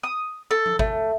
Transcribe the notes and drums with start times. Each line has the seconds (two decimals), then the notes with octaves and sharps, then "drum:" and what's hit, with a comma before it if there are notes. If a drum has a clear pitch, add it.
0.03 D#6
0.51 A4
0.66 drum: tom F3
0.79 A3, drum: kick G#1